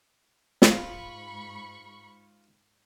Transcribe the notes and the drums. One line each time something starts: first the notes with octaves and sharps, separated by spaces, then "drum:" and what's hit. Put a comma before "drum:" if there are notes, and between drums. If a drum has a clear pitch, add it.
drum: snare
G#2 F4 B5 C#6